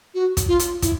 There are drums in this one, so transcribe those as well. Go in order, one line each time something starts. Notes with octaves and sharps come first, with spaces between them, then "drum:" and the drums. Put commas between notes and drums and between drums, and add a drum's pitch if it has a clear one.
F#4
drum: kick, hi-hat
F4
drum: hi-hat
E4, drum: kick, hi-hat